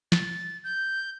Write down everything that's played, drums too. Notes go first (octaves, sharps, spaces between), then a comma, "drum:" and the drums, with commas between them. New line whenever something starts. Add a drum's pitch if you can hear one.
A6, drum: snare
G6